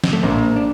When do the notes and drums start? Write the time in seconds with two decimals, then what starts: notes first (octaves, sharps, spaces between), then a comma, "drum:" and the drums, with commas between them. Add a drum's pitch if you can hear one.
0.04 drum: snare
0.13 A3
0.23 A#1 A#3
0.56 D4